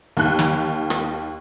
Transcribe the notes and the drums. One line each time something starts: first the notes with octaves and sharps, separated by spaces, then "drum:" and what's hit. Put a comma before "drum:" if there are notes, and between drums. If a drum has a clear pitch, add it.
D#2 F#6
drum: snare
drum: rim click